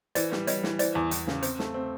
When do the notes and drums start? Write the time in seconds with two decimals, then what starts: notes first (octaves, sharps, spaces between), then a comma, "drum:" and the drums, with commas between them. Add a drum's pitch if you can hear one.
0.15 E3 C5 D5, drum: hi-hat
0.32 G3, drum: snare
0.47 G3 C#5 D#5, drum: hi-hat
0.63 E3, drum: snare
0.79 E3 C5 D5, drum: hi-hat
0.95 E2
1.11 E2, drum: hi-hat
1.27 C#3, drum: snare
1.43 C4 C5, drum: hi-hat
1.59 A3, drum: snare
1.74 C4